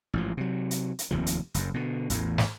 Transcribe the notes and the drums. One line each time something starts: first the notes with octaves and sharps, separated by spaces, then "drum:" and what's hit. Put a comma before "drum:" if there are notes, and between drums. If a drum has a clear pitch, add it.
A1 G#2 F3
C3 F#3
drum: hi-hat
drum: hi-hat
F1 D#2 C3 F3
drum: hi-hat
F#1 F#2, drum: hi-hat
B2 D3
A1 E2 A2, drum: hi-hat
drum: snare